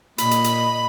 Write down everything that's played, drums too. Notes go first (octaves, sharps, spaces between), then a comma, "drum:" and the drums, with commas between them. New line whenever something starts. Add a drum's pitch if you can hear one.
A#2 D#5 B5, drum: hi-hat
drum: hi-hat
drum: hi-hat